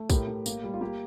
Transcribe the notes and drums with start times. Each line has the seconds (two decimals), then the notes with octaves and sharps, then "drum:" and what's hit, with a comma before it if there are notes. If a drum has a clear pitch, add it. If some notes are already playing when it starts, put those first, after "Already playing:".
Already playing: A3
0.10 A2 G4 A#4, drum: kick, tambourine
0.27 A2
0.46 A#3, drum: tambourine
0.64 G3
0.74 F4
0.81 A#3 G4